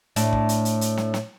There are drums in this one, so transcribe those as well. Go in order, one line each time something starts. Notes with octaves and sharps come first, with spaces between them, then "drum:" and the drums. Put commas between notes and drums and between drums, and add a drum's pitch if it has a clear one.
A2 D4, drum: hi-hat
drum: kick
drum: hi-hat
drum: hi-hat
drum: hi-hat
drum: snare
drum: snare